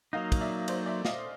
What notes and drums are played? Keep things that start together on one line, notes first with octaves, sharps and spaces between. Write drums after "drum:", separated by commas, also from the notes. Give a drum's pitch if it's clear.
F#3 A#3 D#4 D#5 F5
drum: kick, cymbal
D5 E5
C5 D5, drum: cymbal
D5 E5
D#5 F5, drum: snare